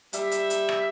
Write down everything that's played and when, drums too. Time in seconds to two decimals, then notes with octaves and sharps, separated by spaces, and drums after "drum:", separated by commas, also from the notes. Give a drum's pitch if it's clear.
0.13 G3 E5, drum: hi-hat
0.31 drum: hi-hat
0.50 drum: hi-hat
0.69 drum: rim click